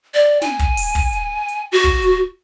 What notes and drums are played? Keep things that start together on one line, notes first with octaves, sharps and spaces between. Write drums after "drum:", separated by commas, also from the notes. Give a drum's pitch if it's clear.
D5
G#5, drum: snare
drum: kick, hi-hat
drum: open hi-hat
drum: kick, hi-hat
drum: hi-hat
drum: hi-hat
F#4
drum: kick, hi-hat
drum: hi-hat